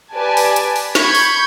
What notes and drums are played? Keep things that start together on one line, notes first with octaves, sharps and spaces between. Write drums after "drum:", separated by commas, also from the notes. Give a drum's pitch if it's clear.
G4 B4 D5 G#5 A5
drum: open hi-hat
drum: hi-hat
drum: open hi-hat
B5 C#6 G6 G#6, drum: snare
drum: open hi-hat